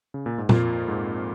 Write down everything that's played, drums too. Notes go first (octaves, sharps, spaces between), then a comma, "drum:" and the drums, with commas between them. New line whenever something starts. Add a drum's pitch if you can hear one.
C#3
A#2
G#2
F2 A#2 A#3 F4, drum: tom
G#2